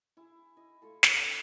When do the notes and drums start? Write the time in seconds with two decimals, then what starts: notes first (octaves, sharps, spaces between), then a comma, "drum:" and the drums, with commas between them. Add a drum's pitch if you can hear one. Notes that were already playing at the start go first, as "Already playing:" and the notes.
0.17 E4 G#4
0.57 E4 D#5
0.82 A3 E4 F4 A4
1.03 D4, drum: snare